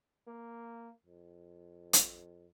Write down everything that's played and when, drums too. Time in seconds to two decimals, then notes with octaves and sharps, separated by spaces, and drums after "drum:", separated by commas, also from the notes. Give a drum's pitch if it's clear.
0.28 A#3
1.06 F2
1.93 drum: hi-hat